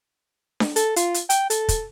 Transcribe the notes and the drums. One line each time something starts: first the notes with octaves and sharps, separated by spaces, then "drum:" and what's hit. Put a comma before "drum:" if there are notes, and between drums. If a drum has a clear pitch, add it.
drum: snare D4
A4, drum: hi-hat
F4, drum: hi-hat
drum: hi-hat
G5, drum: hi-hat
A4, drum: hi-hat
drum: kick, hi-hat